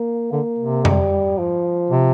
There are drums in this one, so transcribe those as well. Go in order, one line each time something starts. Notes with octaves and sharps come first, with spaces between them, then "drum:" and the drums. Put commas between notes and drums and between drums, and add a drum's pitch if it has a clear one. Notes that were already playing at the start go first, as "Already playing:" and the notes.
Already playing: A#3
D3 A#3
C3
G3, drum: tom F2
F3
C3